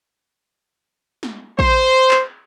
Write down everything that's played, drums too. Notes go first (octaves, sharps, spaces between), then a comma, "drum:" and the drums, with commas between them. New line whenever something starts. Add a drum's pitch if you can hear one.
drum: snare
C5, drum: kick
drum: clap